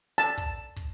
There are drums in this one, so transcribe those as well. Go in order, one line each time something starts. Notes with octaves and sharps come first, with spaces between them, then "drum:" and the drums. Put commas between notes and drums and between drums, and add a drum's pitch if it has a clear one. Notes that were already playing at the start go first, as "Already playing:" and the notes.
A5
drum: kick, hi-hat
drum: kick, hi-hat